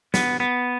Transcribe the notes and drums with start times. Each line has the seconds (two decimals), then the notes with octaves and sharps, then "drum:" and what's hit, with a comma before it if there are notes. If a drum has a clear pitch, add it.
0.14 B3, drum: snare
0.40 B3